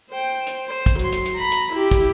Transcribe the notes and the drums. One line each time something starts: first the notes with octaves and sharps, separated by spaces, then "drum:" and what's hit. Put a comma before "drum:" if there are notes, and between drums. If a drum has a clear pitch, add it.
C5 G5
drum: hi-hat
C5
drum: kick, hi-hat
F#3 C6, drum: hi-hat
drum: hi-hat
drum: hi-hat
A#5 B5
drum: hi-hat
E4 G4
drum: kick, hi-hat